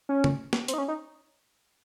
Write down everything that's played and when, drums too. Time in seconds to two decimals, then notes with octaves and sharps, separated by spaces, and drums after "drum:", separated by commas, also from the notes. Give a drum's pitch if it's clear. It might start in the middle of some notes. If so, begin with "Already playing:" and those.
0.09 C#4
0.24 drum: tom
0.53 drum: snare
0.68 C4, drum: hi-hat
0.74 D#4
0.78 C#4
0.88 D#4